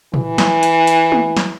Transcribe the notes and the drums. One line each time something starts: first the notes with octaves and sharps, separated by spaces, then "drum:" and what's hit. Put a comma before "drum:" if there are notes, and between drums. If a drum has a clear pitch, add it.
E3, drum: tom
drum: snare
drum: hi-hat
drum: hi-hat
drum: tom
drum: snare